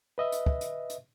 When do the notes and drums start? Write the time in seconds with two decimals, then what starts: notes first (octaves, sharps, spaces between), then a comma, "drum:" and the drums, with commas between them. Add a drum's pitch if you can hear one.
0.18 B4 D#5 E5
0.32 drum: hi-hat
0.46 drum: kick
0.61 drum: hi-hat
0.89 drum: hi-hat